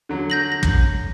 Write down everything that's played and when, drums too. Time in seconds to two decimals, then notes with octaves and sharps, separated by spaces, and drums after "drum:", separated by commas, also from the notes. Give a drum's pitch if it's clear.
0.09 D3 F#3
0.30 G6 A#6 F#7
0.52 A#6
0.63 drum: kick